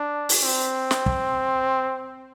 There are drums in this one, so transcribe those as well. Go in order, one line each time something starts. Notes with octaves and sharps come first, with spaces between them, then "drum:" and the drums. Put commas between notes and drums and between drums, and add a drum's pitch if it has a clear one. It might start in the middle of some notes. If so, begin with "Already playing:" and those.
Already playing: D4
drum: open hi-hat
C4
drum: snare
drum: kick